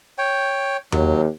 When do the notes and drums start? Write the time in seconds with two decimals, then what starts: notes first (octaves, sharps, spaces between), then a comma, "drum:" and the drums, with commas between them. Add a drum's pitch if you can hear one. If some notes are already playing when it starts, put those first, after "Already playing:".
0.18 C#5 G5
0.92 D#2 F#3, drum: tom E2